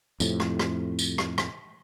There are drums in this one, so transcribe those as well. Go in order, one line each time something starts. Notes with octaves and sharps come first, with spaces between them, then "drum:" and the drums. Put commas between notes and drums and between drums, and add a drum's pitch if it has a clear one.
F2 A2 C3, drum: tambourine
drum: rim click
drum: rim click
drum: tambourine
drum: rim click
drum: rim click